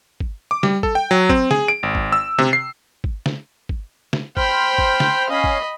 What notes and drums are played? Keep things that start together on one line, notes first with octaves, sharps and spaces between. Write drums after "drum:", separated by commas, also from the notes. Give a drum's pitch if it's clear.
drum: kick
D6
G3, drum: snare
A4, drum: kick
G5
F#3
C4, drum: kick
G#4, drum: snare
D7
G#1
drum: kick
E6
C3, drum: snare
C7
drum: kick
drum: snare
drum: kick
drum: snare
C5 G5 B5 F6, drum: kick
drum: kick
drum: snare
C#4 D#5 F5 B5
drum: kick